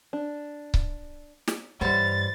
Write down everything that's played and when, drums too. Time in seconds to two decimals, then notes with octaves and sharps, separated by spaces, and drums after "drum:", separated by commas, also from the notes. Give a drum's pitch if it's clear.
0.13 D4
0.74 drum: kick C#1
1.48 drum: snare
1.81 G2 E3 G3 C5 C#5 F#5 A6